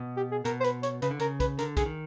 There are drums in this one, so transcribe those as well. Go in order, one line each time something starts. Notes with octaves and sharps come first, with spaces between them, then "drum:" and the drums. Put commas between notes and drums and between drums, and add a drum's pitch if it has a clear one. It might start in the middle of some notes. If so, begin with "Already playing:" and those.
Already playing: B2
G4
G#4
B2 A#4, drum: hi-hat
C5
B4, drum: hi-hat
C#5, drum: hi-hat
C#3 B4, drum: hi-hat
D3
C#3 A#4, drum: hi-hat
B4, drum: kick B1, hi-hat
D3 A#4, drum: hi-hat
D3 G#4, drum: kick B1, hi-hat
D#3